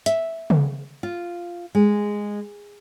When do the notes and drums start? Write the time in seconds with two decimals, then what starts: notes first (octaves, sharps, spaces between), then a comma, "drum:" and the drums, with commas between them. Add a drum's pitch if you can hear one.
0.06 E5, drum: hi-hat
0.50 drum: tom C#3
1.03 F4
1.75 G#3